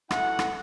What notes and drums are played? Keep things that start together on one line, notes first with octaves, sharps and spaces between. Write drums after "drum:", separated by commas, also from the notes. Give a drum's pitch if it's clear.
B2 A3 E4 F#5, drum: rim click
drum: rim click